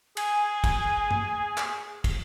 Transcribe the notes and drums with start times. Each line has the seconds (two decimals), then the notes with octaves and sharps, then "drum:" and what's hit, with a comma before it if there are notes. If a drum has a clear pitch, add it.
0.17 G#4 G#5, drum: cymbal
0.64 drum: kick, cymbal
1.11 drum: tom G2
1.57 drum: clap
2.04 drum: kick, cymbal